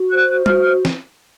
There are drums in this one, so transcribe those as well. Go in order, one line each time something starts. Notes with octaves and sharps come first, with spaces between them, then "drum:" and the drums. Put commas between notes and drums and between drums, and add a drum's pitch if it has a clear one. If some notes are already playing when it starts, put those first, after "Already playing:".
Already playing: F#4
C5 F#6
F#4 F6, drum: tom
drum: snare